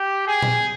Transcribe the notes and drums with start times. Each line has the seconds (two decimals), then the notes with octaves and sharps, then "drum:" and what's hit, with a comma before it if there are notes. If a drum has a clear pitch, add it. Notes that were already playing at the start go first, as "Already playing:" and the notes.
Already playing: G4
0.27 G#4
0.42 drum: tom A#2